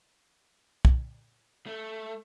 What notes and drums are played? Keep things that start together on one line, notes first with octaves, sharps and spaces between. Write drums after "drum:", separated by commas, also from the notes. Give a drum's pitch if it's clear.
drum: kick
A3